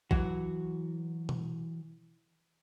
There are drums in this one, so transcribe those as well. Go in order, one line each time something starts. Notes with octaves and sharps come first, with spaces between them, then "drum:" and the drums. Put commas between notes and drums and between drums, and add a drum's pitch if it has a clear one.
E3 F#3 F#4, drum: kick A#1
drum: tom B2